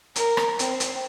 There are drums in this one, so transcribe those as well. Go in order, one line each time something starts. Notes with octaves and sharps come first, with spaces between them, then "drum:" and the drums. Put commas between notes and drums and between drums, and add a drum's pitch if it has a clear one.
A#4, drum: hi-hat
drum: rim click
C4, drum: hi-hat
drum: hi-hat